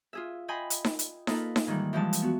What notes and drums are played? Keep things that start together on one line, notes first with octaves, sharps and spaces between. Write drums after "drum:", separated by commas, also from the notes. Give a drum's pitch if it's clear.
F4 G#4 E5
D#5 G5 G#5 B5 C6
drum: hi-hat
drum: snare D#4
drum: hi-hat
A#3 D#4 F4 A4 B4, drum: snare D#4
drum: snare D#4
G#2 D#3 E3 G3
E3 F3 G3 G#3 A5
drum: hi-hat
B3 F#4